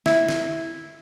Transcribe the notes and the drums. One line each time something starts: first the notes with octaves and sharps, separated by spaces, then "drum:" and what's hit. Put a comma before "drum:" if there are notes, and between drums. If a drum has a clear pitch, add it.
E4, drum: snare
drum: snare